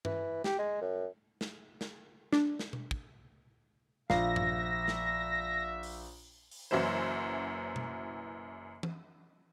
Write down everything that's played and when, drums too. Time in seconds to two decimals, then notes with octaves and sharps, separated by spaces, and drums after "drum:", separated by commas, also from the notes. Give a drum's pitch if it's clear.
0.05 E3, drum: tom G2
0.44 G4, drum: snare
0.58 G#3
0.81 F#2
1.41 drum: snare
1.81 drum: snare
2.32 D4, drum: snare
2.59 drum: snare
2.73 drum: tom B2
2.91 drum: kick
4.10 A#1 E5 F5 A#6, drum: snare
4.36 drum: tom G2
4.88 drum: snare
5.83 drum: open hi-hat
6.51 drum: open hi-hat
6.71 F#1 F#2 E3 F#3 E4 C5
7.76 drum: tom B2
8.83 drum: tom E3